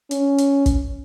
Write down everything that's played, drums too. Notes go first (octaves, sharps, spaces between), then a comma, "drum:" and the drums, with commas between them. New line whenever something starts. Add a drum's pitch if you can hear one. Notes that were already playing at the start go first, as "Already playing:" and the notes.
C#4, drum: hi-hat
drum: hi-hat
drum: kick, hi-hat